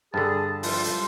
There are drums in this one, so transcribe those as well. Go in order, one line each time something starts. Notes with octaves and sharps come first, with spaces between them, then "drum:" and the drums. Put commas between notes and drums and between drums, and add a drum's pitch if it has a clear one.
G2 D3 G#4 A5
G#2 E3 F3 G3 F4 C5 C6, drum: open hi-hat
drum: hi-hat